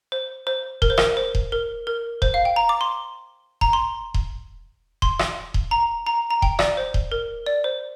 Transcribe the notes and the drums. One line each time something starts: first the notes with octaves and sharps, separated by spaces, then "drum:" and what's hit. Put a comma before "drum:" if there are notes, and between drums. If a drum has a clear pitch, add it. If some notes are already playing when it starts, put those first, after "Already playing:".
C5
C5
A#4, drum: kick D#1
C5
A#4, drum: rim click
C5
drum: kick D#1
A#4
A#4
C5, drum: kick D#1
F5
G5
A#5
D6
C6
A#5, drum: kick D#1
C6
drum: kick D#1
C6, drum: kick D#1
drum: rim click
drum: kick D#1
A#5
A#5
A#5
G5, drum: kick D#1
D5, drum: rim click
C5
drum: kick D#1
A#4
D5
C5